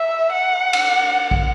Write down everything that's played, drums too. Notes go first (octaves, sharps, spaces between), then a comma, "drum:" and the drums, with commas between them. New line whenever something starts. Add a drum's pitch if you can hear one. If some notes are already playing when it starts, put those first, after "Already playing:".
Already playing: E5
F#5
drum: cymbal
drum: kick A#1